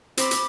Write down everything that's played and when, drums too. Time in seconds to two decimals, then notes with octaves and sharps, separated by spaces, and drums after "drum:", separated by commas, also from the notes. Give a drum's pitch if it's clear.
0.17 C4 B5 D6, drum: hi-hat
0.31 drum: hi-hat